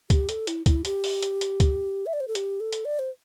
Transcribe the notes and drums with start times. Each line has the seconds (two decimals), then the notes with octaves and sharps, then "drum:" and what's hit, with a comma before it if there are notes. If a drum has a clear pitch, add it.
0.10 G4, drum: kick, hi-hat
0.29 A4, drum: hi-hat
0.47 E4, drum: hi-hat
0.66 E4, drum: kick, hi-hat
0.85 G4, drum: hi-hat
1.04 drum: open hi-hat
1.23 drum: hi-hat
1.41 drum: hi-hat
1.60 drum: kick, hi-hat
2.06 E5
2.13 D5
2.20 C5
2.28 A4
2.35 G4, drum: hi-hat
2.60 A4
2.73 drum: hi-hat
2.85 D5
2.99 C5